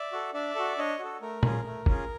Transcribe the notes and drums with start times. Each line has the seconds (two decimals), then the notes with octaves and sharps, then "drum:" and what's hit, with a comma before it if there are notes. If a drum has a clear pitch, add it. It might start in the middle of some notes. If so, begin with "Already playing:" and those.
Already playing: D5 E5
0.12 F#4 A4
0.34 D4 D5 E5
0.55 F#4 A4
0.78 D4 C#5 D#5
0.99 F#4 A4
1.21 A3 A#4
1.43 C#4 F4 G#4, drum: tom A#2
1.65 A3
1.86 C#4 F4 G#4, drum: kick